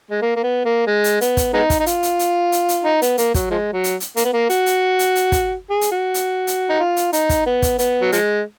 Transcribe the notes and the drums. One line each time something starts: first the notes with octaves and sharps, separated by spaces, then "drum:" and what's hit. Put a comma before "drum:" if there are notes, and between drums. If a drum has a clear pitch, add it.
G#3
A#3
A#3
B3
A#3
G#3
drum: hi-hat
B3, drum: hi-hat
drum: kick, hi-hat
G#3 B3 D#4
drum: kick, hi-hat
D#4
F4, drum: hi-hat
drum: hi-hat
drum: hi-hat
drum: hi-hat
drum: hi-hat
D#4
B3, drum: hi-hat
A#3, drum: hi-hat
F#3, drum: kick, hi-hat
F3 G#3
F#3
drum: hi-hat
drum: hi-hat
A#3, drum: hi-hat
B3
A#3
F#4, drum: hi-hat
drum: hi-hat
drum: hi-hat
drum: hi-hat
drum: kick, hi-hat
G#4
drum: hi-hat
F#4
drum: hi-hat
drum: hi-hat
D#4
F4
drum: hi-hat
D#4, drum: hi-hat
drum: kick, hi-hat
B3
drum: kick, hi-hat
B3, drum: hi-hat
F#3
F3 G#3, drum: hi-hat